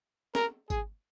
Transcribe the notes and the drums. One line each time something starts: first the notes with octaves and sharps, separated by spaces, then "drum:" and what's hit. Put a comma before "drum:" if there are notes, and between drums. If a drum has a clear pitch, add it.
A#4, drum: snare
G#4, drum: kick G#1, tambourine